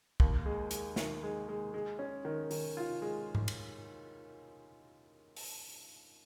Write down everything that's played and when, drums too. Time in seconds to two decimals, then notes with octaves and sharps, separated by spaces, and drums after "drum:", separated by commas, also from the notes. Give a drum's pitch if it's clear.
0.20 D#2, drum: kick
0.46 G#3
0.71 G#3, drum: hi-hat
0.96 D#3, drum: snare
1.23 G#3
1.49 G#3
1.74 G#3
1.99 C#4
2.25 D#3
2.51 D#3, drum: open hi-hat
2.77 F4
3.02 G#3
3.35 drum: tom G#2
3.48 drum: cymbal
5.36 drum: open hi-hat